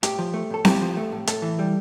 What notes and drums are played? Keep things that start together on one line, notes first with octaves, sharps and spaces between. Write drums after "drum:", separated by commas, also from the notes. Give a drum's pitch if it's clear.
A2 G4, drum: hi-hat
F3
A3
A2 A4
A2 G4, drum: snare C4
F3
A3
A2
A2 A4, drum: hi-hat
E3
G3